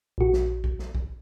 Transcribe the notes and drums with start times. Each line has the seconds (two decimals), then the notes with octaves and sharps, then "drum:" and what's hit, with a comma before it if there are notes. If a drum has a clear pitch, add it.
0.18 A#1 F#4
0.33 drum: snare
0.64 drum: kick
0.79 drum: snare
0.95 drum: kick